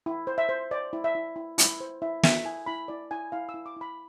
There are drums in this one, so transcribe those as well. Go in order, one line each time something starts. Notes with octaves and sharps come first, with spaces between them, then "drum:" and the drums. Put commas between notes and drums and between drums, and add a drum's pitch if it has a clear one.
E4
C5
E5
C5
C5 D5
E4
E5
E4
E4
E4, drum: hi-hat
C5
E4 E5
A4 E5, drum: snare
E4 G#5
E4 B5
E4 D5
E4 G#5
E4 F5
E6
E4
D6
E4 B5